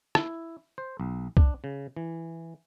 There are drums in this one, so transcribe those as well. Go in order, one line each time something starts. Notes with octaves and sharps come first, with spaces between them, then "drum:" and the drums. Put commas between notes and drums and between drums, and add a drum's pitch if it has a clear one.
E4, drum: rim click
C5
B1
D4, drum: kick
C#3
E3